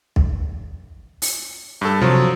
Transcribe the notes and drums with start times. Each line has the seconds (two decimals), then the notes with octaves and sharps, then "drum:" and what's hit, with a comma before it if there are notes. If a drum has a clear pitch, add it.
0.16 drum: kick
1.22 drum: open hi-hat
1.81 G2 A4
2.01 C3 F3 F#3